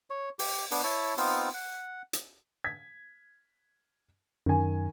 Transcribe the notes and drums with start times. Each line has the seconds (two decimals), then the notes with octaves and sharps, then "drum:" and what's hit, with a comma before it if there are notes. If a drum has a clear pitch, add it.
0.10 C#5
0.39 G4, drum: open hi-hat
0.71 B3 D4, drum: open hi-hat
0.84 E4 C#5 A5
1.17 B3 C4 D#4 F4, drum: open hi-hat
1.54 F#5
2.13 drum: hi-hat
2.64 G#6 B6
4.46 F#2 D#3 G#5